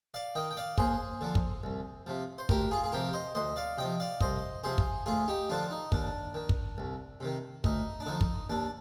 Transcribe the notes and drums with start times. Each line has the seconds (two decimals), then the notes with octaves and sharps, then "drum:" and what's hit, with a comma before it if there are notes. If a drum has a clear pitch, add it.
0.14 D5 F5
0.35 D#3 D#5 G5
0.51 G5
0.57 D5 F5
0.78 D#2 G#4 C5, drum: kick
1.21 D3 F3
1.35 drum: kick
1.64 C2
2.07 C3 F3
2.38 C5
2.49 D2 G4 A#4, drum: kick
2.71 F4 G#4
2.84 G#4
2.92 C3 F3 G4 A#4
3.13 C5 D#5
3.35 D2 C5 D#5
3.56 D5 F5
3.78 C3 F3 D#5 G5
4.00 D5 F5
4.21 C2 C5 D#5, drum: kick
4.64 C3 F3 G#4 C5
4.78 drum: kick
5.06 D2 F4 G#4
5.28 D#4 G4
5.49 D3 F3 D4 F4
5.70 D#4
5.92 D#2 D4, drum: kick
6.34 D#3
6.49 drum: kick
6.78 C2
7.20 C3 D#3
7.64 D2 D#4, drum: kick
8.00 D4
8.06 D3 F3 D#4
8.21 drum: kick
8.50 D#2 D4